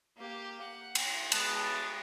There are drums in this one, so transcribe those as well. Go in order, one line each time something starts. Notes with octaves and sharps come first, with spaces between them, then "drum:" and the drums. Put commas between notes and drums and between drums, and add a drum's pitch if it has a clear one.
A#3 G4
F#5
drum: cymbal
G#3 B3 A5, drum: cymbal
A6